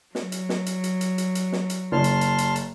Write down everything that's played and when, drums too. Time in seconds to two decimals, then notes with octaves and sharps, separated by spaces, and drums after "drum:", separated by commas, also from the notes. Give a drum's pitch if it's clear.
0.15 F#3, drum: snare
0.32 drum: hi-hat
0.49 drum: snare
0.66 drum: hi-hat
0.84 drum: hi-hat
1.01 drum: hi-hat
1.18 drum: hi-hat
1.35 drum: hi-hat
1.52 drum: snare
1.70 drum: hi-hat
1.92 F#1 A5 C6 F6
2.04 drum: hi-hat
2.21 drum: hi-hat
2.38 drum: hi-hat
2.56 drum: hi-hat